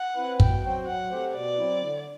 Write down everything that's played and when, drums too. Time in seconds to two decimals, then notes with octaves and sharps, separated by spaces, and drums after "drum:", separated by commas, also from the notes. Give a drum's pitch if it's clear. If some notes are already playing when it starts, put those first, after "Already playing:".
Already playing: F#5
0.16 C4 E4 B4
0.40 B2 G5, drum: kick
0.64 F#3 C4 F#4 C5
0.87 F#3 F#5
1.10 A3 C4 G4 C5
1.34 B2 D5
1.58 F#3 C4 E4
1.81 D3